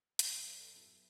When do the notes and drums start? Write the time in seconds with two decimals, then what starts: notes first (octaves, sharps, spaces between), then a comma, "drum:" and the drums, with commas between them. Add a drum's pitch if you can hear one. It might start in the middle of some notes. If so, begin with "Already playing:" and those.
0.19 F#2 F#3 B3 F#4 E5, drum: hi-hat
0.33 D5
0.47 B4
0.60 A4
0.74 F#2 F#3 B3 E4 F#4